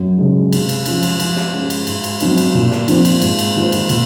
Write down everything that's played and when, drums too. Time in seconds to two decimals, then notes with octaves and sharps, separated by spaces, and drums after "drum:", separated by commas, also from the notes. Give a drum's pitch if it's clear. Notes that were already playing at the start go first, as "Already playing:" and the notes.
Already playing: F#2
0.18 C#3 G#3
0.53 C3, drum: cymbal
0.69 drum: cymbal
0.86 F3 G#3 C#4, drum: cymbal
1.03 drum: cymbal
1.20 F3, drum: cymbal
1.36 drum: snare
1.53 G#3 C#4
1.70 drum: cymbal
1.87 G#2, drum: cymbal
2.04 drum: cymbal
2.20 F#3 C4 D#4, drum: cymbal
2.37 drum: cymbal
2.55 A#2
2.71 drum: snare
2.88 F3 C4, drum: cymbal
3.05 drum: cymbal
3.22 G#2, drum: cymbal
3.39 drum: cymbal
3.56 D#3 A#3 F4 C5
3.72 drum: cymbal
3.89 A#2, drum: cymbal